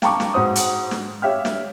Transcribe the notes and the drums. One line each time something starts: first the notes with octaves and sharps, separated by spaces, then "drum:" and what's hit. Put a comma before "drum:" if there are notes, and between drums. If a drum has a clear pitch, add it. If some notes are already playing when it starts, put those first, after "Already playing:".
F5 G5 A5 A#5 C#6 D6, drum: snare
drum: snare
G#2 F#4 C5 D#6
drum: hi-hat
drum: snare
G4 C#5 E5 F5 G5 F6
drum: snare